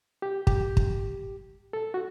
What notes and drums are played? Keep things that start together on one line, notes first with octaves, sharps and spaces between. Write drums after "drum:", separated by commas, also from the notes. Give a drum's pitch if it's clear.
G4
G4, drum: kick
drum: kick
A4
F#4